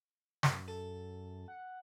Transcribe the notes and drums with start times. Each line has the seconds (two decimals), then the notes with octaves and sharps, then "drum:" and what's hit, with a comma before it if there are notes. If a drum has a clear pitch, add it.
0.43 F#2, drum: snare
0.68 A4
1.48 F#5